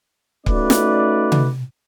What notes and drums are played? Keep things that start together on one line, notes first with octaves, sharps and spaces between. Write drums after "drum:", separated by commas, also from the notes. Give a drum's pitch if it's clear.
A3 C#4 D#4 F#4 B4 D5, drum: kick C#1
drum: snare
drum: tom C3